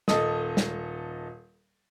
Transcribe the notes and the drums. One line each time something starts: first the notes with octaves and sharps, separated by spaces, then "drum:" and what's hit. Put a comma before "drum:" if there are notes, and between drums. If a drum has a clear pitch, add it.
D#1 A4 D#5 D#6, drum: snare
drum: snare